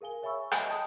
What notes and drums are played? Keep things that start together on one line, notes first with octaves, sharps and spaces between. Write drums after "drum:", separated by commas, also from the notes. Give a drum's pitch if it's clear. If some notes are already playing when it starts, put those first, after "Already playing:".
G#4 A#4 F5 G#5 G7
C#5 E5 G#5 B5 C#6 E6
D#5 E5 B5, drum: rim click
D#5 G5 A5 D#6